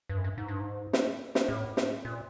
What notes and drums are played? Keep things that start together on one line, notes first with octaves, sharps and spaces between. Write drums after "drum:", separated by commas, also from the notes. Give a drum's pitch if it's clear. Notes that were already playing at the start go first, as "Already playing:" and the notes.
G2
F#2
G2
G#2
G2
G#2
drum: snare
drum: snare
A2
drum: snare
A#2